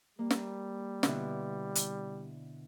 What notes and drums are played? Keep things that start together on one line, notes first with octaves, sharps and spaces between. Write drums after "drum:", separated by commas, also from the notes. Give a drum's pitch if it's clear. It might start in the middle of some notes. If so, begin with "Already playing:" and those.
G3 A#3
drum: snare
B2 D3 E4, drum: snare
drum: hi-hat